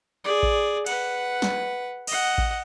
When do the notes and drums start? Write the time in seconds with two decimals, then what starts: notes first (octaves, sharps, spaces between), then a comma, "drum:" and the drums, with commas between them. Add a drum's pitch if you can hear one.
0.24 G#4 D5
0.43 drum: kick A1
0.86 B4 F#5, drum: cymbal
1.42 drum: snare
2.07 D#5 F#5, drum: cymbal
2.38 drum: kick A1